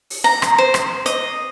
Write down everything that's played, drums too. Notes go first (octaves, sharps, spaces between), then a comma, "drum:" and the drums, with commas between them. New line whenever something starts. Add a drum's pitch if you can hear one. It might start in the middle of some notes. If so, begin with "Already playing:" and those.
drum: open hi-hat
A#5
drum: rim click
C5
drum: rim click
D#5, drum: hi-hat